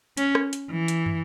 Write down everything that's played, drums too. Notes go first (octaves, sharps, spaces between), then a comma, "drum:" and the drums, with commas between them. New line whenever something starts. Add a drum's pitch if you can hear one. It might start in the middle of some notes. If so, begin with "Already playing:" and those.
C#4, drum: hi-hat
drum: rim click
drum: hi-hat
E3
drum: hi-hat
drum: tom